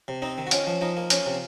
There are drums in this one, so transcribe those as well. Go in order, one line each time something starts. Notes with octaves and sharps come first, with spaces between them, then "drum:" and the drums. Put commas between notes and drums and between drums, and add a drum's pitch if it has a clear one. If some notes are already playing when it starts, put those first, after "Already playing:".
C3
C4 D#4
D#3
F#4
C#4 F4, drum: hi-hat
F3
F3 D#4
A#3
C#4 F4, drum: hi-hat
C3